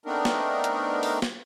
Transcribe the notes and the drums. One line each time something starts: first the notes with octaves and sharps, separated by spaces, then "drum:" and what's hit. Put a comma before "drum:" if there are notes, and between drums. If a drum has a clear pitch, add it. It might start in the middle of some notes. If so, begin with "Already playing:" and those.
A3 B3 C4 D4 D#4 A#4
drum: snare
drum: hi-hat
drum: open hi-hat
drum: snare